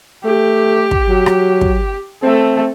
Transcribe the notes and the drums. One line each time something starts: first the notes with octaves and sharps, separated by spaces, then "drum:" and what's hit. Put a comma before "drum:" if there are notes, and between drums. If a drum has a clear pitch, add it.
A3 G4
drum: kick
F#3
drum: rim click
drum: kick
A3 C4 A4